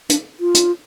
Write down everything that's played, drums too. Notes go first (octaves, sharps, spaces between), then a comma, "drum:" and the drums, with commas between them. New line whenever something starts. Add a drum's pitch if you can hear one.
D4, drum: hi-hat
F4
drum: hi-hat